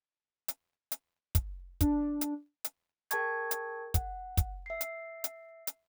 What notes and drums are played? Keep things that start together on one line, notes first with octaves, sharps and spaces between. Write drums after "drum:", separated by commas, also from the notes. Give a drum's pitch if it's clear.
drum: hi-hat
drum: hi-hat
drum: kick, hi-hat
D4, drum: kick, hi-hat
drum: hi-hat
drum: hi-hat
G#4 A#4 G5 A5 C#6 G#6, drum: hi-hat
drum: hi-hat
F#5, drum: kick, hi-hat
drum: kick, hi-hat
E5 C7
drum: hi-hat
drum: hi-hat
drum: hi-hat